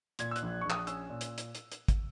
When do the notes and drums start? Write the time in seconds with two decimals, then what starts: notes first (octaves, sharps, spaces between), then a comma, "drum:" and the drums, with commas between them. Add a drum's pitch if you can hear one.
0.19 A#2 G#6, drum: hi-hat
0.31 E6
0.36 F#6, drum: hi-hat
0.42 A#1
0.61 A#1 C#6
0.70 D#6, drum: clap
0.87 C#4 E6, drum: hi-hat
1.10 A#2
1.21 drum: hi-hat
1.38 drum: hi-hat
1.55 drum: hi-hat
1.72 drum: hi-hat
1.88 drum: kick, hi-hat